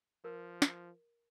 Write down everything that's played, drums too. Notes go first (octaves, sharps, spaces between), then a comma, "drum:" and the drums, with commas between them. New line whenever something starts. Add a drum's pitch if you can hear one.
F3 A#4
drum: snare